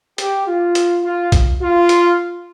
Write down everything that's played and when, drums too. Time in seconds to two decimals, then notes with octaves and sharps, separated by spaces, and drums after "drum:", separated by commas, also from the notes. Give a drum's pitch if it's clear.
0.18 G4, drum: hi-hat
0.47 F4
0.75 drum: hi-hat
1.03 F4
1.32 drum: kick B1, hi-hat
1.61 F4
1.89 drum: hi-hat